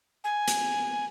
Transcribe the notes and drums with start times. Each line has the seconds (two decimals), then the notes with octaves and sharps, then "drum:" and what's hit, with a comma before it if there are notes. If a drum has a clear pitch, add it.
0.24 G#5
0.48 drum: hi-hat